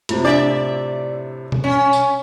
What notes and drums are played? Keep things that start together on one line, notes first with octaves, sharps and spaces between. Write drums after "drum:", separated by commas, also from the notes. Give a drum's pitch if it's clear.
A2 C3 E4 F4, drum: hi-hat
D4 D5 E5
drum: tom B2
C#4
drum: tambourine